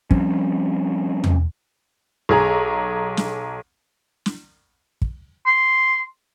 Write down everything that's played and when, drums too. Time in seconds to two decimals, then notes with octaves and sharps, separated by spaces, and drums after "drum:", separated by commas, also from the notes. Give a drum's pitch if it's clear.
0.11 F3 G3 C4 C#4, drum: kick
1.24 drum: tom E2
2.29 B1 G#4 A#5
3.17 drum: snare
4.26 drum: snare
5.02 drum: kick
5.46 C6